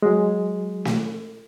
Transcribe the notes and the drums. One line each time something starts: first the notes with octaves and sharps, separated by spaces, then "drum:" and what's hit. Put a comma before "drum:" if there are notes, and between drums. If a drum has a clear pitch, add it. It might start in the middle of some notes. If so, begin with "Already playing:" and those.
F#3 G#3
drum: snare